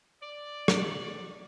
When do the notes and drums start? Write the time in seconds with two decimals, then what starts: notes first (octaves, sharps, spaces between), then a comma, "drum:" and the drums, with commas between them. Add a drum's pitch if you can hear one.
0.22 D5
0.68 drum: rim click